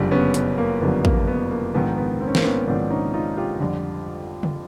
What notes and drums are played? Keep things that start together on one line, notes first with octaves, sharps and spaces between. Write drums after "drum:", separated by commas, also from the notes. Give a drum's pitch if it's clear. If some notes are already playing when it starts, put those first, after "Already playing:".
Already playing: F#1 F2 D3 G3
B3 C#4
B3, drum: hi-hat
A#3
F#1 F2 D3 G3 B3
A#3, drum: kick
B3
A#3
A#1 G#2 D#3 B3
B3
C4
C#4
A#3 C4, drum: snare
B3 C#4
A#1 G#2 D#3 C4 D4
C#4 D#4
D#4 F4
F4 G4
F2 D3 G3
drum: tom C#3